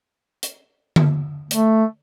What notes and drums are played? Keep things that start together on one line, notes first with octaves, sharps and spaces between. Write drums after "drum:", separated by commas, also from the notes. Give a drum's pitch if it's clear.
drum: hi-hat
drum: tom D3
A3, drum: hi-hat